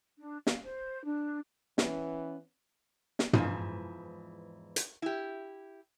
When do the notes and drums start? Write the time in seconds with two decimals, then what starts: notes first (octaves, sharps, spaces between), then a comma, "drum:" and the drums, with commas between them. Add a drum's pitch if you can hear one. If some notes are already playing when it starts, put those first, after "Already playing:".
0.20 D4
0.47 F5, drum: snare
0.63 C5
1.04 D4
1.78 E3 B3 C#4, drum: snare
3.19 drum: snare
3.33 E2 G#2 E3 F3, drum: tom
4.76 drum: hi-hat
5.02 E4 G4